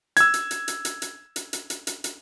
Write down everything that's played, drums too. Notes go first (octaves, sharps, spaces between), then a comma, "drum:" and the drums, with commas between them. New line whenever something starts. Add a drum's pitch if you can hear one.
E6 G#6, drum: hi-hat
drum: hi-hat
drum: hi-hat
drum: hi-hat
drum: hi-hat
drum: hi-hat
drum: hi-hat
drum: hi-hat
drum: hi-hat
drum: hi-hat
drum: hi-hat